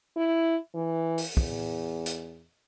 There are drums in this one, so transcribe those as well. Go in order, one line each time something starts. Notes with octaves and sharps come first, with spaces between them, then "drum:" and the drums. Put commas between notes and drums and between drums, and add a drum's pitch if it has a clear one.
E4
E3
drum: open hi-hat
E2, drum: kick
drum: hi-hat